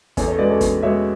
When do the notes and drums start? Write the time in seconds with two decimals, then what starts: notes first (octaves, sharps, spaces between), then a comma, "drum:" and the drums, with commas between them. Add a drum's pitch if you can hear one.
0.17 E2 A4 C#5, drum: kick, hi-hat
0.28 A4 C#5
0.38 B2 G#3 B4 D5
0.50 A4 C#5
0.61 E2, drum: kick, hi-hat
0.82 B2 G#3 C#5 E5